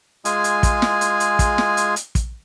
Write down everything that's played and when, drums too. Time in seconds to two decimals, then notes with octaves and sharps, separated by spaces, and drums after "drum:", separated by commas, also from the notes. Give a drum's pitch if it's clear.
0.25 G#3 F4 G#4 G#5, drum: hi-hat
0.44 drum: hi-hat
0.63 drum: kick, hi-hat
0.82 drum: snare
1.01 drum: hi-hat
1.20 drum: hi-hat
1.39 drum: kick, hi-hat
1.58 drum: snare
1.77 drum: hi-hat
1.96 drum: hi-hat
2.15 drum: kick, hi-hat